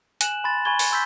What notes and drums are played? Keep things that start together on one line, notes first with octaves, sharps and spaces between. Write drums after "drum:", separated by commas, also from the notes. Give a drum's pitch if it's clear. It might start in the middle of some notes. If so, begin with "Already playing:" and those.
G#5 F#6 E7 F#7, drum: hi-hat
G#5 B5 C6 A6
G#5 B5 C#6 G#6 G7
drum: open hi-hat
C6 E6 G6 B6